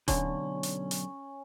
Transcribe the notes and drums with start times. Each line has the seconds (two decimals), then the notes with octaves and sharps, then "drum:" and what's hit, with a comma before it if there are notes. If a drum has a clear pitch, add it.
0.08 B1 D3 C#4, drum: kick D#1, hi-hat
0.63 drum: hi-hat
0.91 drum: hi-hat